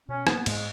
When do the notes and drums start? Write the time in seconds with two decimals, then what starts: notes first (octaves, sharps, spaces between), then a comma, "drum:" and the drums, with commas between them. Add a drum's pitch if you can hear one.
0.08 B2 C#4
0.27 A#3 B3, drum: rim click
0.46 G#2 G#3, drum: cymbal